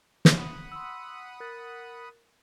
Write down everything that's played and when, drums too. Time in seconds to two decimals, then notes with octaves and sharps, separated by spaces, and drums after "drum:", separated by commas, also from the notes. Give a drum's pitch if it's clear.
0.25 drum: snare
0.37 F#5 B5 D#6
0.72 C6 E6
1.40 A#4 F#6 A6